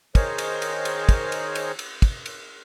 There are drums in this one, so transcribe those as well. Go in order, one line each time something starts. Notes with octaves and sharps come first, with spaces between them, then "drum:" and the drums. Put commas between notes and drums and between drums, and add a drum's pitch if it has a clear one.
D#3 G#4 A#4 C5 C#5 D#5, drum: kick, cymbal
drum: cymbal
drum: cymbal
drum: cymbal
drum: kick, cymbal
drum: cymbal
drum: cymbal
drum: cymbal
drum: kick, cymbal
drum: cymbal